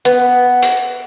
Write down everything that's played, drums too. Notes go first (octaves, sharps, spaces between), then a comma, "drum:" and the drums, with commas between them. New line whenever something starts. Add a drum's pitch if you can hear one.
B3, drum: hi-hat
drum: open hi-hat